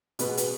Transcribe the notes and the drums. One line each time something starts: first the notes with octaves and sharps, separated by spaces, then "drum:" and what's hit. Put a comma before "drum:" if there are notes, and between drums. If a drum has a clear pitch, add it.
B2 G#3 B3 F#4 B4, drum: hi-hat
drum: hi-hat